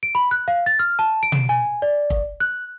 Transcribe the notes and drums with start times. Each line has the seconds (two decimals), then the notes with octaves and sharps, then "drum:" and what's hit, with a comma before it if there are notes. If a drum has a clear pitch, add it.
0.03 D7
0.15 B5
0.31 F#6
0.48 F5
0.66 A6
0.79 F6
0.99 A5
1.23 D7
1.32 drum: tom
1.49 G#5
1.82 D5
2.10 drum: kick
2.40 F#6